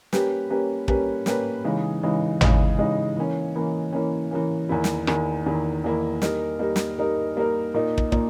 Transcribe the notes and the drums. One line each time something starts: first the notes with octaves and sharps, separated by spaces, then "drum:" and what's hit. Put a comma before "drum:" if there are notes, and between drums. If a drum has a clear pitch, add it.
G3 A#3 C#4 G4 B4, drum: snare
G3 A#3 C#4 G4 B4
G3 A#3 C#4 G4 B4, drum: kick
G3 A#3 C#4 G4 B4, drum: snare
C#3 E3 G#3 D#4
C#3 E3 G#3 D#4
C#3 E3 G#3 D#4, drum: tom
C#3 E3 G#3 D#4
E3 A#3 C#4
E3 A#3 C#4
E3 A#3 C#4
E3 A#3 C#4
E2 D#3 A#3 E4
drum: snare
E2 D#3 A#3 E4, drum: rim click
E2 D#3 A#3 E4
E2 D#3 A#3 E4
G3 A#3 D#4 A#4, drum: snare
G3 A#3 D#4 A#4
drum: snare
G3 A#3 D#4 A#4
G3 A#3 D#4 A#4
A#2 A#3 D#4
drum: kick
A#2 A#3 D#4, drum: kick